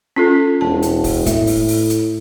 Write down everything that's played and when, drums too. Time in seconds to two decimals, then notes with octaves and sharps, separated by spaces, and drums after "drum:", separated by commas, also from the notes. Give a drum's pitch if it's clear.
0.16 C#4 F4 A4
0.61 E1 A5
0.82 drum: hi-hat
1.04 drum: kick, open hi-hat
1.26 A2 E5, drum: kick, hi-hat
1.47 drum: open hi-hat
1.68 drum: open hi-hat
1.90 drum: hi-hat